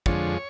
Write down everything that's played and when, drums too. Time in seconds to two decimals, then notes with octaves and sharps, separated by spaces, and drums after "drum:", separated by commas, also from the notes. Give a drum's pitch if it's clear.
0.06 F2 D3 F3 G#3 C#5, drum: kick